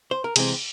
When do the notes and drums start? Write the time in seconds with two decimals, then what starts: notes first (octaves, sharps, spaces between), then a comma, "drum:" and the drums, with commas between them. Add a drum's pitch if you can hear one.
0.11 C5
0.24 A#4
0.36 C3 E3 G#3 C4 G#4, drum: cymbal